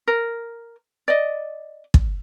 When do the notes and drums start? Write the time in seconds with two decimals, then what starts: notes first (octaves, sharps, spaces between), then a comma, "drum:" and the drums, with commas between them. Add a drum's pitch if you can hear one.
0.08 A#4
1.08 D5 D#5
1.94 drum: kick